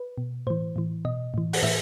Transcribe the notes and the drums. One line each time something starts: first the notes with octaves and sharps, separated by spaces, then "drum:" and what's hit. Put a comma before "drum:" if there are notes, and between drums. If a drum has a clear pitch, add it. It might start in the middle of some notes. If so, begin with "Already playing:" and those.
Already playing: B4
B2
A2 E3 C5
A2 E3
B2 D#5
A2 E3
F#5, drum: open hi-hat
A2 E3 E5